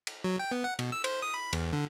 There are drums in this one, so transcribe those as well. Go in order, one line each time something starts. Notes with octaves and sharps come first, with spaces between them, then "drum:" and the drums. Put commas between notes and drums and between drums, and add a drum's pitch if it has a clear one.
drum: cymbal
F#3
G5
B3
F#5
B2, drum: cymbal
E6
C5, drum: cymbal
D#6
B5
E2, drum: cymbal
D3